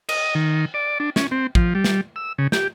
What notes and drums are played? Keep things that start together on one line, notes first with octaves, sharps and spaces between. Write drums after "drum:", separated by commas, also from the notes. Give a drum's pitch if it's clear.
D#5, drum: cymbal
D#3
D5
D4
C#4, drum: snare
C4
F3, drum: kick
G3
drum: snare
E6
C#3
G4, drum: snare